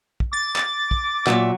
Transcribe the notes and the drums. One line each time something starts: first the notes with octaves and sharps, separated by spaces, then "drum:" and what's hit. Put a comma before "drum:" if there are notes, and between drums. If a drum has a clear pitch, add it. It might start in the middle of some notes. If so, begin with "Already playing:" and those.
drum: kick
D6 A6
drum: clap
drum: kick
A#2 F#3 E5, drum: clap